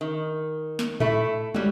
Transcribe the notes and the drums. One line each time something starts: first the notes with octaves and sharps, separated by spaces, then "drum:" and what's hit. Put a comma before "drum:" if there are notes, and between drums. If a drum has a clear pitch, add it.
D#3
drum: snare
A3 E4, drum: tom A2
F#3 G3 G4, drum: tom